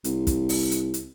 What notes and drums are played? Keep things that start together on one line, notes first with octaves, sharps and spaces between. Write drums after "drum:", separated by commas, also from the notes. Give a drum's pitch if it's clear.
C2, drum: hi-hat
drum: kick, hi-hat
drum: open hi-hat
drum: hi-hat
drum: hi-hat